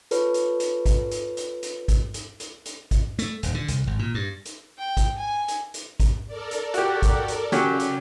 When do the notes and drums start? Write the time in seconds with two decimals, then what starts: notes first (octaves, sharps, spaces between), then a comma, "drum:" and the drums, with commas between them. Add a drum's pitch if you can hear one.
0.11 F4 A4 B4 C#5, drum: hi-hat
0.34 drum: hi-hat
0.60 drum: hi-hat
0.86 drum: kick G#1, hi-hat
1.11 drum: hi-hat
1.37 drum: hi-hat
1.63 drum: hi-hat
1.88 drum: kick G#1, hi-hat
2.14 drum: hi-hat
2.40 drum: hi-hat
2.65 drum: hi-hat
2.91 drum: kick G#1, hi-hat
3.19 A3, drum: hi-hat
3.43 D#1, drum: hi-hat
3.54 D3
3.68 C2, drum: hi-hat
3.87 G#1
3.99 A#2
4.15 G2
4.45 drum: hi-hat
4.79 G5
4.97 drum: kick G#1, hi-hat
5.18 G#5
5.48 drum: hi-hat
5.74 drum: hi-hat
6.00 drum: kick G#1, hi-hat
6.27 A4 A#4 D5
6.51 drum: hi-hat
6.74 F#4 G4, drum: hi-hat
7.02 drum: kick G#1, hi-hat
7.28 drum: hi-hat
7.52 C#3 F#3 C#4 G4, drum: hi-hat
7.80 drum: hi-hat